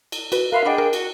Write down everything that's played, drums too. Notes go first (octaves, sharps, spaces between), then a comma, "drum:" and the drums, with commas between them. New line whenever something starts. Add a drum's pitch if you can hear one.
drum: cymbal
F#4 B4, drum: cymbal
A#4 E5 F5 B5 C6 F#6
D4 G#4 D#5 F#5 G5 B5
A#4
F#4, drum: cymbal